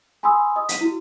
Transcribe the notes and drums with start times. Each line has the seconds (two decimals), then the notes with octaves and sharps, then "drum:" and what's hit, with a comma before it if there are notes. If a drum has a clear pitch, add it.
0.23 G#5 B5 C6 D#6 E6
0.56 D#5 D#6
0.69 B6 D#7, drum: hi-hat
0.81 E4 F#4